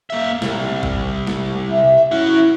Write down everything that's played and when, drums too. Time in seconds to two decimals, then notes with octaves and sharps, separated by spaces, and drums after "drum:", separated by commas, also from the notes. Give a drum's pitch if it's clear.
0.10 A#3 E5
0.42 C2, drum: snare
0.83 drum: kick A1
1.27 drum: snare
1.71 E5
2.11 C#4 E4 F#4